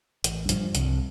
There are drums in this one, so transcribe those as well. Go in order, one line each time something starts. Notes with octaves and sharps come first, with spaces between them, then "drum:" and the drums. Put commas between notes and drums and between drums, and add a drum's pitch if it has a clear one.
A1, drum: hi-hat
G2 F3, drum: hi-hat
C2, drum: hi-hat